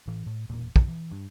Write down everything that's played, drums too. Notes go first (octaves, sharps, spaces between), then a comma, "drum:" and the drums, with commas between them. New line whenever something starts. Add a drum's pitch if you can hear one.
A2 E3
A2
E1 A#2 A#3
F#2 C3 D#3, drum: kick
E3
G2